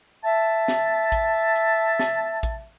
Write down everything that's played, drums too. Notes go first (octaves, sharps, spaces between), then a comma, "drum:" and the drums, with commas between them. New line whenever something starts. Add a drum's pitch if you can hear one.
E5 A5
drum: snare
drum: kick A1, hi-hat
drum: hi-hat
drum: snare
drum: kick A1, hi-hat